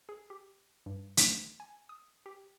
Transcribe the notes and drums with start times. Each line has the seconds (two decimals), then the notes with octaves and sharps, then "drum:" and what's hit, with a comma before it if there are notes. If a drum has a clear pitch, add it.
0.09 G#4
0.30 G4
0.86 G2
1.17 A3, drum: hi-hat
1.60 G#5
1.89 D#6
2.26 G4